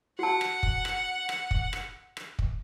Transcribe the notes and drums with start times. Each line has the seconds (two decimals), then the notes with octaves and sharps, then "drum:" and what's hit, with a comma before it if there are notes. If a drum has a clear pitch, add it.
0.19 F#4 F#5 A5
0.41 drum: rim click
0.63 drum: kick
0.85 drum: rim click
1.29 drum: rim click
1.51 drum: kick
1.73 drum: rim click
2.17 drum: rim click
2.39 drum: kick